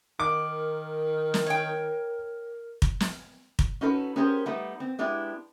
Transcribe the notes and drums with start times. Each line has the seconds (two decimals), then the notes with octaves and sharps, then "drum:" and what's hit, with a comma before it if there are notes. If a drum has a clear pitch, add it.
0.20 D#3 D6
0.38 A#4
1.34 drum: snare
1.47 C#5 G5
2.82 drum: kick
3.00 drum: snare
3.59 drum: kick
3.81 C#4 D#4 F#4 A4 B4 C#5
4.16 B3 C#4 G4 G#4 A#4 C5
4.46 G3 A3 B3 D#4
4.80 C4
4.99 G#3 B3 D4 E4 G4